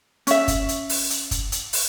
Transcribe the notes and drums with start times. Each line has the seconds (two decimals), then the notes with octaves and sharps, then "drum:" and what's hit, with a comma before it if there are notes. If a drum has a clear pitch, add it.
0.27 C#4 E5, drum: hi-hat
0.48 drum: kick, hi-hat
0.69 drum: hi-hat
0.89 drum: open hi-hat
1.10 drum: hi-hat
1.31 drum: kick, hi-hat
1.52 drum: hi-hat
1.73 drum: open hi-hat